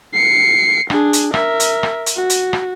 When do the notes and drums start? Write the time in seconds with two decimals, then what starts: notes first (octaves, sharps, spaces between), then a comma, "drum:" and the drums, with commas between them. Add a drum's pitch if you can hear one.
0.13 C7 C#7
0.90 D4 G#4, drum: rim click
1.13 drum: hi-hat
1.34 A#4 E5, drum: rim click
1.60 drum: hi-hat
1.83 drum: rim click
2.06 drum: hi-hat
2.16 F#4
2.30 drum: hi-hat
2.53 drum: rim click